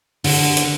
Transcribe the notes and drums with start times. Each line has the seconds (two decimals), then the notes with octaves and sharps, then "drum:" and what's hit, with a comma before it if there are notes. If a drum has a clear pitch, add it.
0.24 D3, drum: open hi-hat
0.57 drum: hi-hat